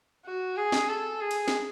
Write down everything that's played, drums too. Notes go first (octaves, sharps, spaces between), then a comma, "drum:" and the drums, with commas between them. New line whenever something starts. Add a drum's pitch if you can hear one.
F#4
G#4
drum: snare
A4
G#4
drum: cymbal
drum: snare